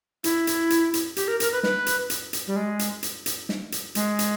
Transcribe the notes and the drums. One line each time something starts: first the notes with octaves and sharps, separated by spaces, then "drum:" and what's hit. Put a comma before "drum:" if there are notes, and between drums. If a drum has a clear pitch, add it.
E4, drum: hi-hat
drum: hi-hat
drum: hi-hat
drum: hi-hat
G4, drum: hi-hat
A#4
A#4, drum: hi-hat
B4
B4, drum: snare
drum: hi-hat
drum: hi-hat
drum: hi-hat
G3
G#3
drum: hi-hat
drum: hi-hat
drum: hi-hat
drum: snare
drum: hi-hat
G#3, drum: hi-hat
drum: hi-hat